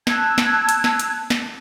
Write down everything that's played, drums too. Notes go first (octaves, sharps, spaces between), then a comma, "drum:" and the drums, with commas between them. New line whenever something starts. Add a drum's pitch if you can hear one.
A5 E6 F#6 G#6, drum: snare
drum: snare
drum: hi-hat
drum: snare
drum: hi-hat
drum: snare